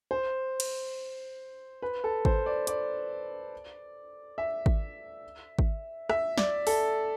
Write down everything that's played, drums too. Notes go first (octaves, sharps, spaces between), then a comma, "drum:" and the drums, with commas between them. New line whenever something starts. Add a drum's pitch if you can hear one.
C5
drum: cymbal
B4
A4
C5, drum: kick G#1
D5
D5, drum: hi-hat
E5
drum: kick G#1
drum: kick G#1
E5, drum: rim click
D5, drum: snare
A4, drum: open hi-hat